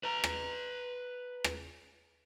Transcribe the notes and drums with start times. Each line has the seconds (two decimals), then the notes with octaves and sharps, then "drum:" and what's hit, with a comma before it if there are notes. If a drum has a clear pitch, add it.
0.03 B4 A#5
0.24 drum: rim click
1.44 drum: rim click